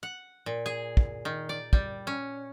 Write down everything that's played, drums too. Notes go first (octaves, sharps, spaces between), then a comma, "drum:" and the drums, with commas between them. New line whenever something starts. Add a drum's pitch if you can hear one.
F#5
A#2
G#4
drum: kick
D#3
D5
G3, drum: kick
C#4